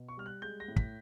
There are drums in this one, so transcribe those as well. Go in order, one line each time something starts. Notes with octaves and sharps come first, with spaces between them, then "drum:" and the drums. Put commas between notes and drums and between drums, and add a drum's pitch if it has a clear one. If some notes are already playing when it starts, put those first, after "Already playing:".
Already playing: B2
C#6
G3 F6
F#6
G#3 G6
A#6
A2
B6, drum: kick